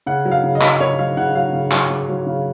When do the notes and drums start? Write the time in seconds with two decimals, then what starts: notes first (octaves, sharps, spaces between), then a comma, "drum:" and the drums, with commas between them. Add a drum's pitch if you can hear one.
0.06 C#3 F#5
0.25 F#3
0.31 F5
0.43 C#3
0.55 D#5
0.61 F#3, drum: clap
0.80 C#3 C#5
0.98 F#3 F5
1.17 C#3 F#5
1.35 F#3 F5
1.53 C#3
1.71 F#3, drum: clap
1.90 C#3
2.09 F#3
2.27 C#3